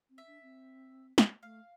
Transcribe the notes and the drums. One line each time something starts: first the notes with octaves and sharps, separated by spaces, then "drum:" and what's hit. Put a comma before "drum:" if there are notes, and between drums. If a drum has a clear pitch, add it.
C4
E5
D4
C4
drum: snare
A3 F5